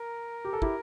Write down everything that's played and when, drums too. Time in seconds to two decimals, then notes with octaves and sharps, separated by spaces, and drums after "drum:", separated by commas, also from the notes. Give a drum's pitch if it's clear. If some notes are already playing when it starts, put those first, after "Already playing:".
Already playing: A#4
0.45 G4
0.53 A4
0.62 E4 G4, drum: kick